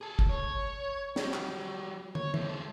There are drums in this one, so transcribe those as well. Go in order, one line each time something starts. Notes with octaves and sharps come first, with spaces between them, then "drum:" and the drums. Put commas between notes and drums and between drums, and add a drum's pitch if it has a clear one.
G#4 A4
drum: kick
C#5
F#3 G3, drum: snare
drum: clap
C#5, drum: tom
E3 C4, drum: tom
G#3 A4